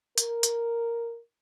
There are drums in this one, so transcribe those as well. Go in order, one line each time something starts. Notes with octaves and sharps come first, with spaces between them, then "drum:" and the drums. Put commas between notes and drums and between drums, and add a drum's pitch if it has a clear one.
A#4, drum: hi-hat
drum: hi-hat